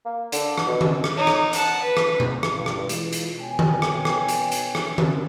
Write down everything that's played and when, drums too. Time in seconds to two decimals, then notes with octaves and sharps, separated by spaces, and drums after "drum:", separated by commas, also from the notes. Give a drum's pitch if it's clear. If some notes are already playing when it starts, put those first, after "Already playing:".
0.05 A#3
0.32 D3, drum: hi-hat
0.58 drum: rim click
0.67 B2
0.81 drum: tom D#3
1.04 drum: rim click
1.17 D#4 C#5
1.27 drum: rim click
1.53 F#5 A5, drum: hi-hat
1.82 B4
1.97 drum: rim click
2.20 drum: tom B2
2.43 drum: rim click
2.54 A1 G2
2.66 drum: rim click
2.89 E3 G#3 F4, drum: hi-hat
3.13 drum: hi-hat
3.40 B2 C#5 G5 G#5
3.59 drum: tom D#3
3.82 drum: rim click
4.05 drum: rim click
4.28 drum: hi-hat
4.52 drum: hi-hat
4.75 drum: rim click
4.98 drum: tom D#3